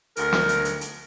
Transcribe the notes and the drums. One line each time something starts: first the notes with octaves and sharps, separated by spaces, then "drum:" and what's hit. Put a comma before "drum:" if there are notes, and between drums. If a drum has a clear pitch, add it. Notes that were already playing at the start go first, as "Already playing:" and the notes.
D2 A#4, drum: hi-hat
drum: snare
drum: hi-hat
drum: hi-hat
drum: hi-hat